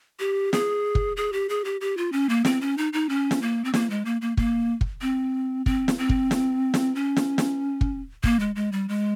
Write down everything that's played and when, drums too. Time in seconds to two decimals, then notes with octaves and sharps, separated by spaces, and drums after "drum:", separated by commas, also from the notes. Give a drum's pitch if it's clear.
0.20 G4
0.53 G#4, drum: snare
0.95 drum: kick
1.17 G#4
1.33 G4
1.49 G#4
1.65 G4
1.81 G4
1.97 F4
2.12 C#4
2.29 A#3
2.45 C4, drum: snare
2.61 C#4
2.78 D#4
2.93 D#4
3.09 C#4
3.31 drum: snare
3.42 A#3
3.65 C4
3.74 A#3, drum: snare
3.90 G#3
4.05 A#3
4.22 A#3
4.37 A#3, drum: kick
4.81 drum: kick
5.02 C4
5.66 C4, drum: kick
5.88 drum: snare
5.98 C4
6.09 drum: kick
6.31 drum: snare
6.74 drum: snare
6.95 C#4
7.17 drum: snare
7.38 drum: snare
7.81 drum: kick
8.24 A#3, drum: kick
8.40 G#3
8.56 G#3
8.72 G3
8.89 G#3